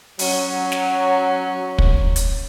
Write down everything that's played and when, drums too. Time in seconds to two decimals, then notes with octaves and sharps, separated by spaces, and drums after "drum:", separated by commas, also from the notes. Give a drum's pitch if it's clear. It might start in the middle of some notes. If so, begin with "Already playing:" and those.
0.19 F#3 C#4, drum: open hi-hat
0.72 drum: snare
1.78 drum: kick
2.16 drum: hi-hat